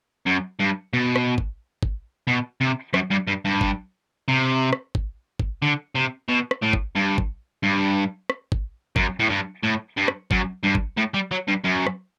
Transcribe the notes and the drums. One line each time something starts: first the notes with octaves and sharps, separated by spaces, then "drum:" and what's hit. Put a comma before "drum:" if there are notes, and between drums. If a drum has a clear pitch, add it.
F#2
G2
B2
drum: rim click
drum: kick
drum: kick
B2
C3
F#2, drum: rim click
G2
G2
G2
drum: kick
C3
drum: rim click
drum: kick
drum: kick
D3
C3
B2
drum: rim click
A2
drum: kick
G2
drum: kick
G2
drum: rim click
drum: kick
F#2, drum: kick
A2
G2
A2
G2
drum: rim click
F#2, drum: kick
G2
drum: kick
A2
G3
F#3
G2
F#2
drum: rim click